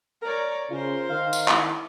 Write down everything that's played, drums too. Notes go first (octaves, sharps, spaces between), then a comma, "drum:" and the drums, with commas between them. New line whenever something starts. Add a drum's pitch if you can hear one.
A#4 C#5 D5 A#5
C#3 F4 A#4 C5 C6
D#3 F5
drum: tambourine
E4, drum: clap